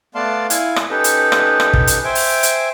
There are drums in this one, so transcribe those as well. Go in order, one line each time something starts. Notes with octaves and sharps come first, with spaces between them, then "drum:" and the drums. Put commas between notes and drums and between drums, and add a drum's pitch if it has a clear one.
A3 B3 D5 F5 A5 C6
E4 F5 G#5, drum: hi-hat
drum: rim click
C#4 D#4 G4 A4 B4
drum: hi-hat
drum: rim click
drum: rim click
drum: kick
drum: hi-hat
C5 E5 G5 G#5
drum: open hi-hat
drum: hi-hat